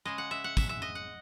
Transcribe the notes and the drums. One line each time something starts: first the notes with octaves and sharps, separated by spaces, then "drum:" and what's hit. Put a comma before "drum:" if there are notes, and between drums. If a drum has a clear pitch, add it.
C#3 G#3 D#5
F#5
E5
F#5
E5, drum: kick, tambourine
E5
D#5
F#5